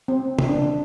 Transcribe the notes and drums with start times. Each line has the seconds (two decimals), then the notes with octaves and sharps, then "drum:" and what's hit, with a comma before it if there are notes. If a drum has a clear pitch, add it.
0.08 C4
0.39 drum: tom C#3
0.48 D4